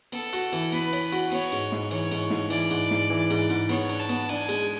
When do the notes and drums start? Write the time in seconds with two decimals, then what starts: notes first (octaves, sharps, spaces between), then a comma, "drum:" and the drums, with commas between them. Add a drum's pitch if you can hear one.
0.12 B3 A4, drum: cymbal
0.33 F#4, drum: cymbal
0.53 E3, drum: cymbal
0.72 B3 B4, drum: cymbal
0.93 C#5, drum: cymbal
1.12 F#4, drum: cymbal
1.32 B3 C#5, drum: cymbal
1.52 G#2, drum: cymbal
1.72 G#2, drum: snare
1.91 E3 C#5, drum: cymbal
2.11 G#2, drum: cymbal
2.30 G#2, drum: snare
2.50 E3 D5, drum: cymbal
2.71 G#2, drum: cymbal
2.91 G#2, drum: snare
3.10 E3
3.30 G#2, drum: cymbal
3.50 G#2, drum: cymbal
3.69 B3 C#5, drum: cymbal
3.89 D4, drum: cymbal
3.99 A5
4.09 B3, drum: cymbal
4.29 D4 G#5, drum: cymbal
4.49 G#3, drum: cymbal